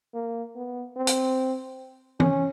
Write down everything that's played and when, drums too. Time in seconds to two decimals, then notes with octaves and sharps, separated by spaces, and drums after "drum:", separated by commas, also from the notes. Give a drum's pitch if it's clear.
0.14 A#3
0.56 B3
0.97 C4
1.07 drum: hi-hat
2.20 C#4, drum: tom